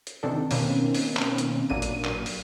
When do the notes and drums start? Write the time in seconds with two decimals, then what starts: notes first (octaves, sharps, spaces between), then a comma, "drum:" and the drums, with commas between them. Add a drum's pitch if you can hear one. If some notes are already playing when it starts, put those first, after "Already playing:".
0.07 drum: hi-hat
0.23 C3 D#3 E3 D4 A4
0.51 B2 D#3 A#3 C4 C#4, drum: open hi-hat
0.94 drum: open hi-hat
1.16 drum: clap
1.38 drum: hi-hat
1.70 A1 A#2 F#3 A#3 D4 D#7
1.82 drum: hi-hat
2.04 drum: clap
2.26 drum: open hi-hat